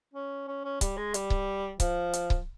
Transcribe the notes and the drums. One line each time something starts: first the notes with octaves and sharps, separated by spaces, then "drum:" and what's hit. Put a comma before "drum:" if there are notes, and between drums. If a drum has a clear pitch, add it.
C#4
C#4
C#4
G3, drum: kick C#1, hi-hat
G#3
G3, drum: hi-hat
drum: kick C#1
F3, drum: kick C#1, hi-hat
drum: hi-hat
drum: kick C#1